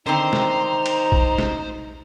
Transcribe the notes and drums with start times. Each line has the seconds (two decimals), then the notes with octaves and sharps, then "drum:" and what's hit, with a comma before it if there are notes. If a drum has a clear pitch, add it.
0.06 D3 D#3 C4 D#4 C5 A#5
0.33 drum: snare
0.86 drum: cymbal
1.12 drum: kick A#1
1.38 drum: snare